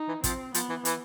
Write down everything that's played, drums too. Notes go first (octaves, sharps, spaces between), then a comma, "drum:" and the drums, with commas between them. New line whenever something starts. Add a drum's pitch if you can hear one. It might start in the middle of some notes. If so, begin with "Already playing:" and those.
Already playing: D#4
E3
F3 C4, drum: kick, hi-hat
F3 B3, drum: hi-hat
E3
E3, drum: hi-hat